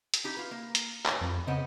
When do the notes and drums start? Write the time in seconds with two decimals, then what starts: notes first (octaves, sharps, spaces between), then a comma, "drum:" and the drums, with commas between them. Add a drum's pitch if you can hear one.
0.14 drum: hi-hat
0.24 D#4 E4 G4
0.37 F4 B4
0.51 A#3
0.75 drum: hi-hat
1.05 A2 B4, drum: clap
1.21 F2
1.47 C#3 B3 C4 D#5